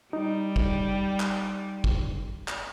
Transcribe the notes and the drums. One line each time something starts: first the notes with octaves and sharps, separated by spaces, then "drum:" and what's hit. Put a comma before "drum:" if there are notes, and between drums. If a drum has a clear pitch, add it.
G3 D#4
drum: kick
drum: clap
drum: kick
drum: clap